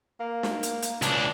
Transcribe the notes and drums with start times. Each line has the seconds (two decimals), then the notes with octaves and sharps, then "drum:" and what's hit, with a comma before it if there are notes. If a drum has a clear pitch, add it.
0.20 A#3
0.43 drum: snare
0.63 drum: hi-hat
0.82 drum: hi-hat
1.02 C#2 D4, drum: hi-hat